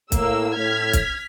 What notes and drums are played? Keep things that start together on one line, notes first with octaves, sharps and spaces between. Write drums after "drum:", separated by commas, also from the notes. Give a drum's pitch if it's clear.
A2 A#3 E6, drum: kick, hi-hat
A2 F6 G#6 B6
drum: kick, hi-hat